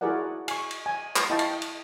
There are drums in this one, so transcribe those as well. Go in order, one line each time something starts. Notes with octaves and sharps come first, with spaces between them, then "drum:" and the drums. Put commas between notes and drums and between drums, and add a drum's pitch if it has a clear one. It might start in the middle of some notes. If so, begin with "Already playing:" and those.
E4 F#4 G#4 A#4 D5 F#5
G#5 C#6, drum: cymbal
drum: cymbal
G#5
drum: clap
E4 D#5 F5 G5 A5 C#6
drum: cymbal
drum: cymbal